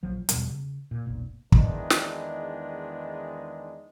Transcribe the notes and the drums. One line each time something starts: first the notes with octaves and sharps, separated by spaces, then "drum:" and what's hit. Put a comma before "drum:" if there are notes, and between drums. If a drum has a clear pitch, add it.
A#1 F3 F#3
E2 B2 F3 G3, drum: hi-hat
C#3
A#2
F1 B1 A#2
E2 D#3 G#3 D4 D#4, drum: kick
drum: snare